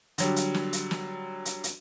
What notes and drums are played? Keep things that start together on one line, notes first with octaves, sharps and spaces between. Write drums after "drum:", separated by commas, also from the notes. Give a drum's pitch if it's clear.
D3 F#3 G3, drum: hi-hat
drum: hi-hat
drum: snare
drum: hi-hat
drum: snare
drum: hi-hat
drum: hi-hat